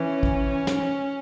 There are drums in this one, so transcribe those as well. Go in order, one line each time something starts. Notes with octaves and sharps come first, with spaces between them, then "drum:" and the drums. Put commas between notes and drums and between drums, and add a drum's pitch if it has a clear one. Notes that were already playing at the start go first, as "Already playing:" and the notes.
Already playing: E3 C#4
drum: kick
drum: snare